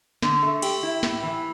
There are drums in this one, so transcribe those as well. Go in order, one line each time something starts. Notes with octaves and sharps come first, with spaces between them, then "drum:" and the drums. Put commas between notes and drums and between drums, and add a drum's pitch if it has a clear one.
D3, drum: snare
A3
G4, drum: cymbal
E4
A2, drum: snare
E3